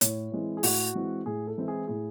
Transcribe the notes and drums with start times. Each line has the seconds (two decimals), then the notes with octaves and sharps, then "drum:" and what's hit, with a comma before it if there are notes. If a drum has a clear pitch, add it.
0.01 A2 C#5, drum: hi-hat
0.32 E3 G#3 C4 E4
0.57 G#4
0.63 A2 F#4, drum: open hi-hat
0.95 E3 G#3 C4 E4
1.26 A2 G#4
1.47 A4
1.57 E3 G#3 C4 E4
1.68 G#4
1.88 A2 G#4